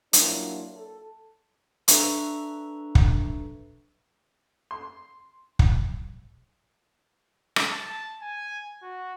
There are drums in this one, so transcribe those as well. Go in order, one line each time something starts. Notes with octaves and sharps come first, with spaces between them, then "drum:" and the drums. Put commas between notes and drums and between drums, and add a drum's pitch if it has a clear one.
F#3 A#3 D4 E4 F4, drum: hi-hat
A4
D4 A4 B4 E5 A#5 C#6, drum: hi-hat
drum: kick
C6
drum: kick
drum: rim click
A5
G#5
F#4